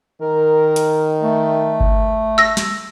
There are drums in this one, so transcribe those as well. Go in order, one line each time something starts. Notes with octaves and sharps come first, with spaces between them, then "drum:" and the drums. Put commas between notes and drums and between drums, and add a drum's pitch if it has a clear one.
D#3 A#4
drum: hi-hat
A3
drum: kick G1
E6 A#6
drum: snare